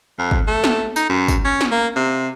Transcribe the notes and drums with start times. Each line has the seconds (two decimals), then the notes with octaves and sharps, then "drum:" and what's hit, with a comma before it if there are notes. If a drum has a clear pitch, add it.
0.19 F2
0.31 drum: kick
0.48 A3
0.64 drum: snare
0.96 D#4, drum: tambourine
1.10 F#2
1.28 drum: kick, tambourine
1.45 C#4
1.61 drum: snare
1.71 A#3
1.96 C3